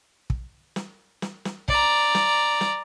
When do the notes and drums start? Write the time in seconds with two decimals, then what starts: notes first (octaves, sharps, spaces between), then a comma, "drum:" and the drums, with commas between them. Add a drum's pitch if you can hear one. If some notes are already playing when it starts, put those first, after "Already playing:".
0.30 drum: kick
0.76 drum: snare
1.22 drum: snare
1.45 drum: snare
1.68 D5 A#5, drum: kick
2.15 drum: snare
2.61 drum: snare